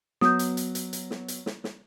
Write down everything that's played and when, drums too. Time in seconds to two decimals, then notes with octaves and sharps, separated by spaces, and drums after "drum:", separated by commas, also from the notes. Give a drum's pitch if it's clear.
0.21 F#3 B3 D#6 G6, drum: snare
0.39 drum: hi-hat
0.57 drum: hi-hat
0.75 drum: hi-hat
0.93 drum: hi-hat
1.11 drum: snare
1.28 drum: hi-hat
1.46 drum: snare
1.64 drum: snare